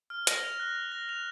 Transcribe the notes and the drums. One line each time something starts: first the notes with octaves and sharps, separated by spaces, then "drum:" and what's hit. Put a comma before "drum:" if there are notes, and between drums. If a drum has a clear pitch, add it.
F6
A#6, drum: hi-hat
F7
F#6
F#6
A#6
F7